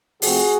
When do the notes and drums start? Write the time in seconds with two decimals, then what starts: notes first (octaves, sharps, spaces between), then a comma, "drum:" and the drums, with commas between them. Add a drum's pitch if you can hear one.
0.22 C3 F3 A3 C4 F#4 G#4, drum: open hi-hat